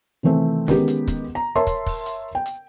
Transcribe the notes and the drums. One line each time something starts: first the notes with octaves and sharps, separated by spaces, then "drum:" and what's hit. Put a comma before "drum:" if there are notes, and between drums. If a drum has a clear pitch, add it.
C3 D#3 E3 A3 C4
D#3 G#3 B3 C#4 G4, drum: snare
drum: hi-hat
drum: kick, hi-hat
A#5
A#4 C#5 E5 A5 C6
drum: kick, hi-hat
drum: kick, open hi-hat
drum: hi-hat
G5
drum: hi-hat